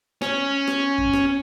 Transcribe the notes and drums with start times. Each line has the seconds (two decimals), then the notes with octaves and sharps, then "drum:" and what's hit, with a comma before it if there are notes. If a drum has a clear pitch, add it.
0.22 C#4, drum: rim click
0.68 drum: rim click
0.98 drum: kick F#2
1.13 drum: rim click